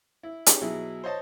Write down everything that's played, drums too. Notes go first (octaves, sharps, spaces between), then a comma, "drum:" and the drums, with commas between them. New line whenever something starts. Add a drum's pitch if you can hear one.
E4
C#4 D#4 G4 G#4 D6, drum: hi-hat
B2 F#3 E4 G#4
C5 C#5 D#5 A5